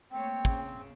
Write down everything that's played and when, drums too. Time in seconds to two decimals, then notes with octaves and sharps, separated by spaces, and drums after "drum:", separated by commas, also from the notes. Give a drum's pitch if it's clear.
0.12 A3 A#3 C4 C#5 G5
0.45 C#3, drum: kick